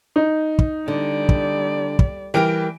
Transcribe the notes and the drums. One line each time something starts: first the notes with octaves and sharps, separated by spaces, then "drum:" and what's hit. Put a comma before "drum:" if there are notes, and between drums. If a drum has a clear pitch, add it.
D#4
drum: kick
D3 G3 D5
drum: kick
drum: kick
E3 G3 G4 A#4 G5 D7